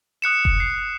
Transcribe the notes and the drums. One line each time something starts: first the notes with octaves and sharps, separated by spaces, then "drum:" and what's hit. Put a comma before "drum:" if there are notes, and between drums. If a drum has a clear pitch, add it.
D#6 F#6 C#7 E7
drum: kick F1
C7